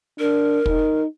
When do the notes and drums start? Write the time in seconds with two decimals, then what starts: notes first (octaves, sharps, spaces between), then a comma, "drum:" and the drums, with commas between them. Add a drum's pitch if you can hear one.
0.19 D4 A#4
0.66 D#4, drum: kick